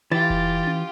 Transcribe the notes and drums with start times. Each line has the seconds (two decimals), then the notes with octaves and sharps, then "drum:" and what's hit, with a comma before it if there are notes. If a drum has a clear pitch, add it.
0.11 E3 F4 G4 A6
0.30 drum: kick F1
0.67 drum: tom C#4